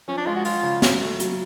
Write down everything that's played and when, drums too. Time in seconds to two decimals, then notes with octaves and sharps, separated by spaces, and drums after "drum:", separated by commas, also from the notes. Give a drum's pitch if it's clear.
0.08 F3 C#4
0.18 D4
0.26 G#3 F4
0.36 F#4
0.45 F3 F4, drum: open hi-hat
0.63 C#3
0.82 F#3, drum: snare
1.01 A3
1.20 F#3, drum: hi-hat